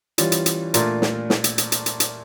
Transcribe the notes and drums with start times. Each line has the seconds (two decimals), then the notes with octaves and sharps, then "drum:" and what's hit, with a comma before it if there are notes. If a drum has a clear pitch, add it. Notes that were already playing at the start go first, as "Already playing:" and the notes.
0.18 E3 G3 C#4 F4, drum: hi-hat
0.32 drum: hi-hat
0.46 drum: hi-hat
0.74 A#2 A3 D4 F4 A#4, drum: hi-hat
1.02 drum: snare
1.30 drum: snare
1.44 drum: hi-hat
1.58 drum: hi-hat
1.72 drum: hi-hat
1.86 drum: hi-hat
2.00 drum: hi-hat